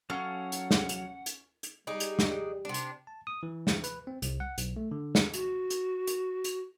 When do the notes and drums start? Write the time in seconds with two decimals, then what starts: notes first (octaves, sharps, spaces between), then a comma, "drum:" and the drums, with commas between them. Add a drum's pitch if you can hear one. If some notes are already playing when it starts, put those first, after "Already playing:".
0.10 F#3 C#4 A4 F5 F#5
0.52 drum: hi-hat
0.71 drum: snare
0.89 drum: hi-hat
1.26 drum: hi-hat
1.63 drum: hi-hat
1.87 G3 D4 D#4 G#4
2.00 drum: hi-hat
2.19 drum: snare
2.65 C3 D4
2.74 drum: hi-hat
3.07 A5
3.27 D#6
3.43 E3
3.67 drum: snare
3.84 B4, drum: hi-hat
4.07 C4
4.22 C2, drum: hi-hat
4.40 F#5
4.58 B1, drum: hi-hat
4.76 A3
4.91 D3
5.15 drum: snare
5.33 F#4, drum: hi-hat
5.70 drum: hi-hat
6.07 drum: hi-hat
6.44 drum: hi-hat